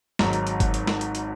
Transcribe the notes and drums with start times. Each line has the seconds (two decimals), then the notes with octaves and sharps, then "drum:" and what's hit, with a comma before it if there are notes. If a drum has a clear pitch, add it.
0.19 G#1 G#2 F#3, drum: snare
0.33 drum: hi-hat
0.47 drum: hi-hat
0.60 drum: kick G1, hi-hat
0.74 drum: hi-hat
0.87 drum: snare
1.01 drum: hi-hat
1.15 drum: hi-hat